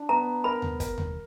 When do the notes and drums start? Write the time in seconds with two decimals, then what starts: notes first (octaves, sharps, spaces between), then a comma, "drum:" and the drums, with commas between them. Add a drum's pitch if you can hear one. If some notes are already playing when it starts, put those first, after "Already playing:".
Already playing: D4
0.09 B3 A#5
0.44 A#4 B5
0.62 drum: tom D#2
0.80 A#4, drum: kick, hi-hat
0.98 drum: tom D#2